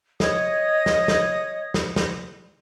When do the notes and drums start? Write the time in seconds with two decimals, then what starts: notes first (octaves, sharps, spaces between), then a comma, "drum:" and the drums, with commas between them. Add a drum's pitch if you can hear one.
0.20 C#5 D#5 D#6, drum: snare
0.86 drum: snare
1.08 drum: snare
1.74 drum: snare
1.96 drum: snare